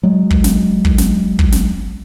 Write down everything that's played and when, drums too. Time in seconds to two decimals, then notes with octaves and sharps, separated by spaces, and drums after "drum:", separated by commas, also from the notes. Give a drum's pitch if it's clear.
0.03 F#3 G#3
0.30 drum: kick
0.44 drum: snare
0.85 drum: kick
0.98 drum: snare
1.39 drum: kick
1.52 drum: snare